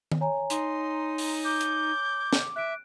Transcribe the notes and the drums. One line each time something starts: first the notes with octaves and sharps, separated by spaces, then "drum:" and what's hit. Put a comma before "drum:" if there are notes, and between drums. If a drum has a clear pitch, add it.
drum: tom D#3
C#5 G#5 A#5
D#4 C6, drum: hi-hat
drum: open hi-hat
D6 G6
drum: hi-hat
drum: snare
E5 F#6 D7